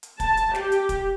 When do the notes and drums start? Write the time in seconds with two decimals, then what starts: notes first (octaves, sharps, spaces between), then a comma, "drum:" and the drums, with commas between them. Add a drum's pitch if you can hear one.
0.03 drum: hi-hat
0.20 A5, drum: kick, hi-hat
0.37 drum: hi-hat
0.55 G4, drum: snare
0.72 drum: hi-hat
0.89 drum: kick, hi-hat